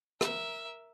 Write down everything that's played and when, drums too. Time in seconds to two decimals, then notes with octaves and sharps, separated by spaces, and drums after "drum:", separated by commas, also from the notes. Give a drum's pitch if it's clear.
0.21 A#4 E5, drum: rim click